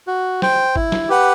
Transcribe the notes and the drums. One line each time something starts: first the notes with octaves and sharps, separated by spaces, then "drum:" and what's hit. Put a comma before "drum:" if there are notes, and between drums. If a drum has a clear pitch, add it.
F#4
C5 G5, drum: snare
E4, drum: kick
drum: snare
G4 B4 F#5